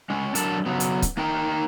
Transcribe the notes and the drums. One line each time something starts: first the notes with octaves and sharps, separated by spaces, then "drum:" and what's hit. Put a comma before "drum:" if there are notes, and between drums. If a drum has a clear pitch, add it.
G#3 C#4
D3 F#3 D4 A4 A#4 A5, drum: hi-hat
C#3 F#3 B3
drum: hi-hat
drum: kick C#1, hi-hat
A#3 D#4 A#4 G5 A5 A#5